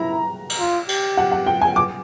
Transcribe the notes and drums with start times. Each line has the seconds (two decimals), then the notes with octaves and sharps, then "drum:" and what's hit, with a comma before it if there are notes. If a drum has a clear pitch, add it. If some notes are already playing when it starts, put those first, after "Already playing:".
Already playing: E4 A#5
0.50 drum: cymbal
0.60 F4
0.89 G4, drum: cymbal
1.17 F#5
1.32 F#5
1.46 G5
1.61 G#5
1.76 D6